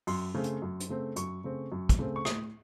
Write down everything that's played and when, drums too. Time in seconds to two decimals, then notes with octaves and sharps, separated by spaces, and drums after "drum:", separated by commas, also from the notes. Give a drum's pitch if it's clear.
0.07 F#2 C6, drum: open hi-hat
0.34 C#3 A3 C4
0.44 drum: hi-hat
0.62 F#2
0.80 drum: hi-hat
0.89 C#3 A3 C4
1.16 F#2 C#6, drum: hi-hat
1.44 C#3 A3 C4
1.72 F#2
1.89 drum: kick, hi-hat
1.99 C#3 A3 C4
2.16 C#6
2.25 A2 D#6, drum: rim click